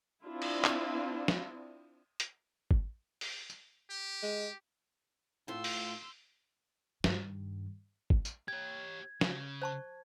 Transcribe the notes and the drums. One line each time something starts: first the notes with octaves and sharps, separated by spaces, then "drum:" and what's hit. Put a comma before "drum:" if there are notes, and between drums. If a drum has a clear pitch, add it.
C4 D4 E4 F4
drum: cymbal
drum: clap
drum: snare
drum: hi-hat
drum: kick
drum: open hi-hat
drum: tambourine
G4
G#3
A2 F4 C6 E6
drum: open hi-hat
G2 D#3, drum: snare
drum: kick
drum: tambourine
G4 C#5 G#6
C#3, drum: snare
C5 A5 C#6